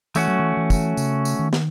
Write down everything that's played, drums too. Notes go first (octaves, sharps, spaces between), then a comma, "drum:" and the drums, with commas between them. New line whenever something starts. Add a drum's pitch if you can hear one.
E3 A3 C#4 F#4, drum: tambourine
F#3
E3
E3
drum: kick, tambourine
C#3, drum: tambourine
drum: tambourine
D#3
drum: snare